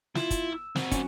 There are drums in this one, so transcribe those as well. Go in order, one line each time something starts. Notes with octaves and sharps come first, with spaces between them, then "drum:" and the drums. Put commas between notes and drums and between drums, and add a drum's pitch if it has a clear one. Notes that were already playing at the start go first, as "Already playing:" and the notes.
E4 F4, drum: snare
drum: kick, hi-hat
E6
C4 F#4, drum: snare
F#3 C#4, drum: kick, hi-hat